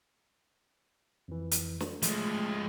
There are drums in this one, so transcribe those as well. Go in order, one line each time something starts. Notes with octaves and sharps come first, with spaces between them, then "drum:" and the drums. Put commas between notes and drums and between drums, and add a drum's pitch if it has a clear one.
F2 E3
drum: hi-hat
drum: snare
F3 G#3 A3, drum: hi-hat